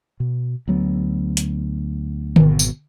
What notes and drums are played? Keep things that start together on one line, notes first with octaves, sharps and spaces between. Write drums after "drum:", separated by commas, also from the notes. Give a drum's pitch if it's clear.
B2
D2 F#3 B3
drum: hi-hat
G#1 B2, drum: tom D3
drum: tambourine